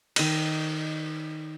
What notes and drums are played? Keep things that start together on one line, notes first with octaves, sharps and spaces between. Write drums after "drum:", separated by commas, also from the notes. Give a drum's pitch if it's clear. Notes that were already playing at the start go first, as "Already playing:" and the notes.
D#3 D#5, drum: cymbal